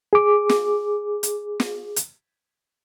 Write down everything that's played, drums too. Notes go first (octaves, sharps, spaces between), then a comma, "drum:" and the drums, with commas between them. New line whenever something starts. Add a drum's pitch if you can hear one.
G#4 D6
drum: snare
drum: hi-hat
drum: snare
drum: hi-hat